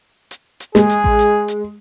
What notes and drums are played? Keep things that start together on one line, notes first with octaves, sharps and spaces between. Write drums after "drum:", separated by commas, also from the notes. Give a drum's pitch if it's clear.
drum: hi-hat
drum: hi-hat
G#3 G#4, drum: snare
drum: hi-hat
drum: kick A1
drum: hi-hat
drum: hi-hat